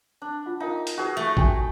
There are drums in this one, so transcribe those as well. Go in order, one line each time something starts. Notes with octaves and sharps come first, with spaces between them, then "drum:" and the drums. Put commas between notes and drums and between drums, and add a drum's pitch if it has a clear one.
D4
F4 F#5
D#4 A#4 F5 G5
drum: hi-hat
D#4 F#4 G#4 B4
A3
D#4 F#4 G5 G#5, drum: kick G#1